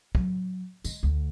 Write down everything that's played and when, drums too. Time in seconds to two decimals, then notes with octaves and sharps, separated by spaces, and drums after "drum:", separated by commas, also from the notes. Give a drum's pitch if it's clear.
0.15 F#3, drum: kick
0.84 G#3, drum: tambourine
1.03 D2